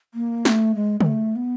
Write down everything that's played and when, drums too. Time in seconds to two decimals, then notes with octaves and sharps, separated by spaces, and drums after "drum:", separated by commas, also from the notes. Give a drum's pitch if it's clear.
0.14 A#3
0.45 A3, drum: snare
0.75 G#3
1.01 G#3, drum: tom C#3
1.06 A3
1.36 B3